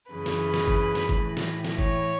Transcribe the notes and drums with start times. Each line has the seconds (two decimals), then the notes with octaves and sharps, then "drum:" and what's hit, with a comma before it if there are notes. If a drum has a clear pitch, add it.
0.12 F#2 C#3 E3 B4
0.26 drum: snare
0.54 drum: snare
0.68 drum: kick F#1
0.95 drum: snare
1.09 drum: kick F#1
1.23 A2 E3
1.37 drum: snare
1.65 drum: snare
1.79 C#5, drum: kick F#1